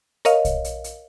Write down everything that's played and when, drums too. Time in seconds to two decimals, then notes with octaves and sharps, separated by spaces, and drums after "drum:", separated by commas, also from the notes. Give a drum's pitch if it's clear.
0.25 A#4 C#5 D#5 F5, drum: hi-hat
0.45 drum: kick, hi-hat
0.64 drum: hi-hat
0.84 drum: hi-hat